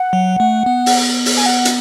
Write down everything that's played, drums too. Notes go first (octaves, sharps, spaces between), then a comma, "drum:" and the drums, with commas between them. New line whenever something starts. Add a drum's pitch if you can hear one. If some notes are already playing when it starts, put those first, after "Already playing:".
Already playing: F#5
F#3
A3
B3
drum: open hi-hat
drum: open hi-hat
G#5
F#5
drum: hi-hat